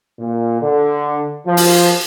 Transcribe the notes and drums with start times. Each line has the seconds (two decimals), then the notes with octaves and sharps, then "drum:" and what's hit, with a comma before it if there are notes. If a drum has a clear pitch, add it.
0.19 A#2
0.61 D3
1.47 F3
1.57 drum: open hi-hat